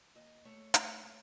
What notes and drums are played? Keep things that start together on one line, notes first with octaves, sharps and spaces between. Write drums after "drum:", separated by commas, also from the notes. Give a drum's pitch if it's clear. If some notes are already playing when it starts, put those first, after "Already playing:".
D#2 D#5
A3 C#5
A3, drum: hi-hat
A3